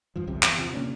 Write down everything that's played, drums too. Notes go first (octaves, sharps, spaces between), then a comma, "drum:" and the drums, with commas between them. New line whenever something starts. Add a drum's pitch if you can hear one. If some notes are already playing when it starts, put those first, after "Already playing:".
E2 G2 F3
G1 C2 F2 C3
E2, drum: clap
C3 F3
C3 A#3 C#4 D4